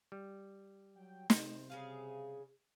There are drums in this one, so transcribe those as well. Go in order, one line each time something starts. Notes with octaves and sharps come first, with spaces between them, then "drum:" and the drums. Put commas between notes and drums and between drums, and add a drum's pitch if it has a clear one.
G3
F#3 G5
C3 C5, drum: snare
C#3 G#4 F5